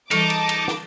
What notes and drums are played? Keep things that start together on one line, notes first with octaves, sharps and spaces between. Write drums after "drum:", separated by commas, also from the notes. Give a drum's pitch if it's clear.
E3 G3 D#4 A4 A5 D6, drum: cymbal
drum: cymbal
drum: cymbal
drum: snare